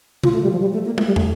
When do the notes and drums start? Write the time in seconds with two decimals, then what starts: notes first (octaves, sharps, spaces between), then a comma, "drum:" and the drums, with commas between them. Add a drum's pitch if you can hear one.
0.23 F4, drum: tom B2
0.33 A3
0.42 G3
0.51 F3
0.61 G3
0.73 A3
0.85 A#3
0.98 A3, drum: tom
1.07 G3
1.16 A3, drum: tom